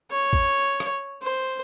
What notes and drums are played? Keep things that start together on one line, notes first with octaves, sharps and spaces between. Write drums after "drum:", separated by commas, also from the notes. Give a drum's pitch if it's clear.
C#5
drum: kick
drum: rim click
C5